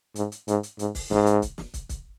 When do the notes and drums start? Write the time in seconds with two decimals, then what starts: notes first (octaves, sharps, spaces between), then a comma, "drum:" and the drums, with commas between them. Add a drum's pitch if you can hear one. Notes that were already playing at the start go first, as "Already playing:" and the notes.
0.15 G#2, drum: hi-hat
0.32 drum: hi-hat
0.48 G#2, drum: hi-hat
0.63 drum: hi-hat
0.79 G#2, drum: hi-hat
0.95 drum: kick, open hi-hat
1.11 G#2, drum: snare
1.26 drum: hi-hat
1.42 drum: kick, hi-hat
1.58 drum: snare
1.74 drum: kick, hi-hat
1.89 drum: kick, hi-hat